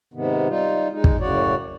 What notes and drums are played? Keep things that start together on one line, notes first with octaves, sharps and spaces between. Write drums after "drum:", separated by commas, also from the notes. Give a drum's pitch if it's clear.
G#2 C3 D#3 B3
G3 D#4 F4
G#3 D#4
drum: kick
F#2 A2 C#3 F#4 C#5 D5